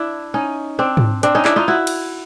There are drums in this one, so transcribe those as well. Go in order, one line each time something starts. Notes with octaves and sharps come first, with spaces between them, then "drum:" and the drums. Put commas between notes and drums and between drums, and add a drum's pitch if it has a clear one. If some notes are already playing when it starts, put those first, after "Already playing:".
Already playing: D4 E4
C#4 D#4
C4 D4
drum: tom G#2
C4 D4, drum: hi-hat
C#4 D#4
D4 E4, drum: clap
D#4 F4
E4 F#4
drum: cymbal